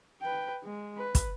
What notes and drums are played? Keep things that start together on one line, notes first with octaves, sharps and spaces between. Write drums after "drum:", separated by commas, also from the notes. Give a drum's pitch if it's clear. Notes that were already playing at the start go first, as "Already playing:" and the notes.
B4 G5
G#3
B4
drum: kick, hi-hat